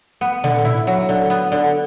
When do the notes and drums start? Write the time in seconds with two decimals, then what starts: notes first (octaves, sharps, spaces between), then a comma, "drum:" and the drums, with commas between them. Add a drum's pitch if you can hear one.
0.21 B3
0.44 D3, drum: tom A#2
0.65 E4
0.87 F#3
1.09 D3
1.30 B3
1.52 D3